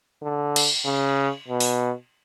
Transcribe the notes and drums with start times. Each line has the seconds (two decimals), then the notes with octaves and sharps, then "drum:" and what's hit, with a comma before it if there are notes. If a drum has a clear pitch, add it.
0.23 D3
0.56 drum: cymbal
0.85 C#3
1.48 B2
1.60 drum: open hi-hat